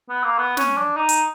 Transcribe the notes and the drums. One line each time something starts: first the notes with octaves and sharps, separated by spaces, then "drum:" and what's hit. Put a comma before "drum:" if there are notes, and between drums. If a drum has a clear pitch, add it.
B3
A#3
B3
C#4, drum: snare
D4
D#4
drum: hi-hat